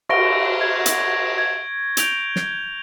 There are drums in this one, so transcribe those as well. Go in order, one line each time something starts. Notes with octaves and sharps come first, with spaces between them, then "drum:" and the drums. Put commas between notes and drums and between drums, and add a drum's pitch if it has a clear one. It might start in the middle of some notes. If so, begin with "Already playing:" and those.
C#6 A#6 D7 G7, drum: cymbal
G#6
drum: hi-hat
G#6
G6 D7 F7 G7, drum: hi-hat
drum: snare